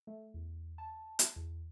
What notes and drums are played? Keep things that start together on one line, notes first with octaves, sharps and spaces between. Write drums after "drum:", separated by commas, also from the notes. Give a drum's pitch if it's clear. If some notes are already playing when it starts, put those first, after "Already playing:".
A3
E2
A5
drum: hi-hat
E2